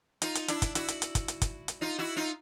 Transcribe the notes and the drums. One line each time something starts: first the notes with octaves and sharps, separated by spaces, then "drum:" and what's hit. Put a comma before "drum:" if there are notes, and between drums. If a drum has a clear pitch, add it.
D#4 F4, drum: hi-hat
drum: hi-hat
D4 E4, drum: hi-hat
drum: kick, hi-hat
E4 F#4, drum: hi-hat
drum: hi-hat
drum: hi-hat
drum: kick, hi-hat
drum: hi-hat
drum: kick, hi-hat
drum: hi-hat
D#4 F4
E4 F#4
D#4 F4